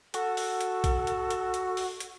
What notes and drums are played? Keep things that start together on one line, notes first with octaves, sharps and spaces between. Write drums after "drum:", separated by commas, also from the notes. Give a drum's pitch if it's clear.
F#4 A4, drum: hi-hat
drum: open hi-hat
drum: hi-hat
drum: kick A#1, hi-hat
drum: hi-hat
drum: hi-hat
drum: hi-hat
drum: open hi-hat
drum: hi-hat